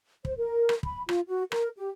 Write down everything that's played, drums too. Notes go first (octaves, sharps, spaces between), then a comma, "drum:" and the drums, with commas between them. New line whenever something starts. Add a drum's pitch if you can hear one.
C5, drum: kick
A#4
drum: rim click
B5, drum: kick
F4, drum: rim click
F#4
A#4, drum: rim click
G4